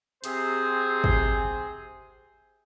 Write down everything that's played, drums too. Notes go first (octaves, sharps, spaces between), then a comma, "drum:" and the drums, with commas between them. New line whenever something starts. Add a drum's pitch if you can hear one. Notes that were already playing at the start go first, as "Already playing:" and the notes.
C3 G#4 C5, drum: hi-hat
drum: kick